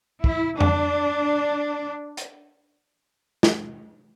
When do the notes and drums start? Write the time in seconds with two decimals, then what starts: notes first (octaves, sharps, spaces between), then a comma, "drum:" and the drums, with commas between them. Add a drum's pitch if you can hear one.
0.24 E4, drum: kick
0.61 D4, drum: tom F2
2.17 drum: hi-hat
3.43 drum: snare